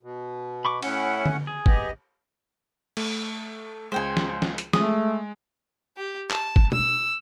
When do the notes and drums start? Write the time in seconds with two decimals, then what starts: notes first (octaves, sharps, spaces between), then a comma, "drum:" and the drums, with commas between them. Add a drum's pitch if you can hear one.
0.03 B2
0.65 B5 C#6 D6
0.82 A2 C#4 E4 F#5, drum: cymbal
1.26 drum: tom D3
1.47 G#4
1.66 B3 G4 D#5, drum: kick
2.97 A3, drum: cymbal
3.92 C#2 G#3 C5 G5 G#5
4.17 drum: snare
4.42 drum: snare
4.58 drum: hi-hat
4.73 G#3 A3 D#6, drum: snare
5.97 G4
6.30 A5, drum: clap
6.56 drum: kick
6.72 E6, drum: tom B2